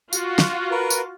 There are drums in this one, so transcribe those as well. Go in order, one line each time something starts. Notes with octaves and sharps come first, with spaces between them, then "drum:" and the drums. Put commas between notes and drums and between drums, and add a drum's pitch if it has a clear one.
F4 F#4, drum: tambourine
drum: snare
A#4 B4
drum: tambourine